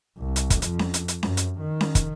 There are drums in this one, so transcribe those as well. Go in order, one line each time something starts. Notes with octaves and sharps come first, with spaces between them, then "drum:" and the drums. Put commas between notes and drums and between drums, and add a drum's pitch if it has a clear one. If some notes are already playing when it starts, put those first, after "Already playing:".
C2
drum: hi-hat
drum: kick, hi-hat
F2, drum: hi-hat
drum: snare C#4
drum: hi-hat
drum: hi-hat
F#2, drum: snare C#4
drum: hi-hat
D#3
drum: snare C#4
drum: kick, hi-hat